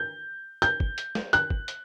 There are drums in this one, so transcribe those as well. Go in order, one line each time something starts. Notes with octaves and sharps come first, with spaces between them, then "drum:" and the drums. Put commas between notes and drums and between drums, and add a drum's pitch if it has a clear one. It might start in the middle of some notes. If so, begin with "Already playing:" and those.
Already playing: G6
G6, drum: hi-hat
drum: kick
drum: hi-hat
drum: snare
F#6, drum: hi-hat
drum: kick
drum: hi-hat